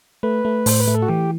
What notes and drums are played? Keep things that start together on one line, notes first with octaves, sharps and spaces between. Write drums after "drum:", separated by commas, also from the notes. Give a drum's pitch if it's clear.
A3 B4
A3
A2 C5, drum: open hi-hat
B4
A3
A4
F#4
E3 G4